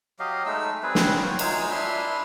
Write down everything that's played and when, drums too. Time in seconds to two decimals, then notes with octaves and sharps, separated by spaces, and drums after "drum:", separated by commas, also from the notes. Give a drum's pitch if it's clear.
0.19 F#3 G4 D#5 F5
0.46 G#3 A3 D#4 E6
0.83 G3 C4 G#4 B4
0.95 drum: snare
1.22 F#3 F4 C#5 G5
1.39 F#3 G#3 D#4 G#4, drum: cymbal
1.71 D4 E4 E5 C6